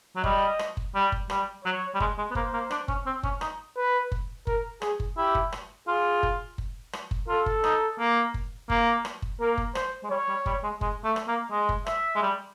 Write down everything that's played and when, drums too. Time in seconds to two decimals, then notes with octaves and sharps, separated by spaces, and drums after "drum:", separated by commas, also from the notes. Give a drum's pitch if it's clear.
0.16 F#3
0.24 G3 D#5, drum: kick F#1
0.59 drum: rim click
0.77 drum: kick F#1
0.95 G3
1.12 drum: kick F#1
1.30 G3, drum: rim click
1.65 F#3 C#5
1.94 G3
2.00 G#3, drum: kick F#1
2.18 G#3
2.30 B3
2.35 A#3 C5, drum: kick F#1
2.53 A#3
2.71 D4, drum: rim click
2.88 C#4, drum: kick F#1
3.06 C4
3.23 C#4, drum: kick F#1
3.41 D#4, drum: rim click
3.77 B4
4.12 drum: kick F#1
4.47 A#4, drum: kick F#1
4.82 G#4, drum: rim click
5.00 drum: kick F#1
5.17 E4 G4
5.35 drum: kick F#1
5.52 drum: rim click
5.88 F4 G#4
6.23 drum: kick F#1
6.58 drum: kick F#1
6.93 drum: rim click
7.11 drum: kick F#1
7.28 F4 A4
7.46 drum: kick F#1
7.64 D#4, drum: rim click
7.99 A#3
8.34 drum: kick F#1
8.70 A#3, drum: kick F#1
9.05 drum: rim click
9.22 drum: kick F#1
9.40 A#3 A#4
9.58 drum: kick F#1
9.75 C5, drum: rim click
10.03 G#3
10.10 G3 C#5
10.28 G3
10.46 G3, drum: kick F#1
10.63 G#3
10.81 G#3, drum: kick F#1
11.04 A3
11.16 drum: rim click
11.28 A#3
11.51 G#3 D#5
11.69 drum: kick F#1
11.86 E5, drum: rim click
12.15 G#3
12.22 G3